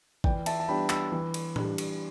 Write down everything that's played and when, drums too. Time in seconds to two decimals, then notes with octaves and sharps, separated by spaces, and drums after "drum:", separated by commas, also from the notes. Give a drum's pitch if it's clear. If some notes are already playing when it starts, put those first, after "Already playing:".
0.24 E3 D5 G5, drum: kick
0.46 E5 A5, drum: cymbal
0.60 A5
0.68 G3 B3 D4 G5 B5
0.90 B5 E6, drum: clap
1.12 E3
1.34 drum: cymbal
1.56 G3 D4, drum: tom A2
1.78 drum: cymbal